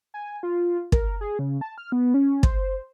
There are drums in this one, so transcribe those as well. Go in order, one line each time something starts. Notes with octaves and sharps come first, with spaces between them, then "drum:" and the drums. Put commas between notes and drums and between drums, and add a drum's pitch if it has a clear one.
G#5
F4
A#4, drum: kick
G#4
C#3
A5
F6
B3
C#4
C5, drum: kick